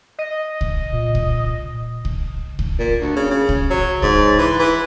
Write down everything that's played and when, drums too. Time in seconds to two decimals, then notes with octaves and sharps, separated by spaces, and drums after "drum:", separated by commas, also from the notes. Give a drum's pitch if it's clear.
0.18 D#5
0.61 drum: kick C2
0.92 A#2
1.15 drum: kick C2
2.05 drum: kick C2
2.59 drum: kick C2
2.79 A#2
3.01 D2
3.16 C#3
3.31 C#3
3.49 drum: kick C2
3.70 F#3
4.02 G#2, drum: kick C2
4.39 E3
4.59 E3